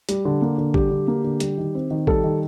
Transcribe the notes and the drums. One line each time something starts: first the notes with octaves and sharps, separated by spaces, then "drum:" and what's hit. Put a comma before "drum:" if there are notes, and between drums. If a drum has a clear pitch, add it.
G3, drum: hi-hat
D3
A#3
D3
G3 G4, drum: kick
D3
A#3
D3
G3, drum: hi-hat
D#3
C4
D#3
G3 A4, drum: kick
D#3